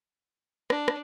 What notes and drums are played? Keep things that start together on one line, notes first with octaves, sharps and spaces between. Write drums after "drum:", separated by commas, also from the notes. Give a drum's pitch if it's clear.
D4, drum: rim click
drum: rim click